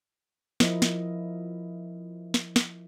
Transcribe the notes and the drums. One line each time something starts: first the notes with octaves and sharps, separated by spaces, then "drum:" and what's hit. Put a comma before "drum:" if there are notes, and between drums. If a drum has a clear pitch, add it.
F3 E4 A#4 D#5, drum: snare
drum: snare
drum: snare
drum: snare